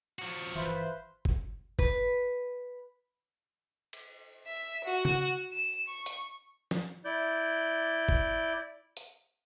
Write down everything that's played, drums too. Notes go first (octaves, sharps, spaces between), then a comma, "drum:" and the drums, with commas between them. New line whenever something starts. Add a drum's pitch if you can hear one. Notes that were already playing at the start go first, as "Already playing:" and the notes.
F3 F#4
G1 E3 F4 B4 C5 E5
drum: kick
B4, drum: kick
drum: cymbal
E5
F#4
drum: tom C#3
E7
C#6
drum: hi-hat
drum: snare
E4 D5 G6
drum: kick
drum: hi-hat